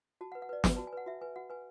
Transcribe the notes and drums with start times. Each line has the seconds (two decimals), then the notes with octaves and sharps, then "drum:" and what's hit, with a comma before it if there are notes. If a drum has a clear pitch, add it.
0.21 F#4 A5
0.32 F#5
0.35 B4
0.42 F#5
0.49 B4 D5
0.64 B4, drum: snare
0.77 F#4 A5
0.87 G#5
0.93 B4 F#5
1.06 F#4 E5
1.21 B4 G#5
1.36 F#4 F#5
1.50 B4 G#5